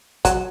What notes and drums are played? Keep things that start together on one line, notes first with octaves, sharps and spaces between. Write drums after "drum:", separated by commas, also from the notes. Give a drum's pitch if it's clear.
F#3, drum: kick, hi-hat